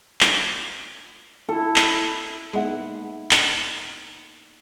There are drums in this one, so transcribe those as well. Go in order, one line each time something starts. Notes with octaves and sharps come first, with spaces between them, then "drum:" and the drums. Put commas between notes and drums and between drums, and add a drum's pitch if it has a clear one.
drum: clap
E4 A4
drum: clap
G#3 A#3 B3 D#4 E4 F#5
drum: clap